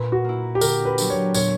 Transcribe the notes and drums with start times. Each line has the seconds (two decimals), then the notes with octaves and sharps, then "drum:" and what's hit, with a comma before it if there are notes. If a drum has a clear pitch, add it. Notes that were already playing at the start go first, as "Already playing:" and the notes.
Already playing: A#2 B4
0.12 F#4
0.24 A#3 E4
0.55 G4
0.61 D3 A#4, drum: tambourine
0.85 B4
0.98 F#3 B3 D4, drum: tambourine
1.10 C#5
1.34 A#2 C#5, drum: tambourine